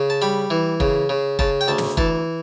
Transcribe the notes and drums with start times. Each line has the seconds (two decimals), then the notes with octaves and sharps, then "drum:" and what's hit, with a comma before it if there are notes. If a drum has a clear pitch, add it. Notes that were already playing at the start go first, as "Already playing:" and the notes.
Already playing: C#3
0.10 A5
0.21 G3 B5
0.50 E3
0.80 C#3, drum: kick
1.09 C#3
1.39 C#3 A5, drum: kick
1.61 G5
1.68 D2 A5
1.78 drum: snare
1.97 E3 A5, drum: kick